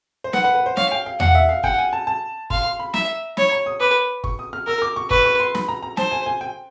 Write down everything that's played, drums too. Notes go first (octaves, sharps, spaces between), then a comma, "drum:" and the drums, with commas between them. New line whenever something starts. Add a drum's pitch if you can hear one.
C5
B4 F#5, drum: snare
B4
B4
C5
C#5 F5, drum: snare
G5
F5
F5 F#5, drum: tom E2
E5
F5
F#5 G5, drum: kick
G#5
A5
A5
F5 C6, drum: kick
C6
B5
E5 A#5, drum: snare
C#5 B5, drum: snare
A#5
D#6
B4 D6
C#6, drum: kick
D#6
F6
A#4 E6
D6
C#6
B4 C#6, drum: kick
C#6
C6
B5, drum: snare
A#5
A#5
C5 A5, drum: snare
G#5
G#5
G5